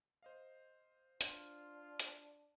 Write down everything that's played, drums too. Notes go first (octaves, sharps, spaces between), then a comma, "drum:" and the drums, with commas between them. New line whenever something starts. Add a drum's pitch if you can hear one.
C5 D#5 F5
D4 F4, drum: hi-hat
drum: hi-hat